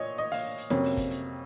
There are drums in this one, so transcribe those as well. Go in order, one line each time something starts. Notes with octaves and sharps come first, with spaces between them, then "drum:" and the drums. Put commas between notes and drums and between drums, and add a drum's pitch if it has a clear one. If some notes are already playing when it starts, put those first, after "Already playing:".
Already playing: A#2 C#5 D#5
D#5
F5, drum: open hi-hat
drum: hi-hat
F2 C3 F#3 A#3 C#4, drum: snare
drum: open hi-hat
drum: kick, hi-hat
drum: hi-hat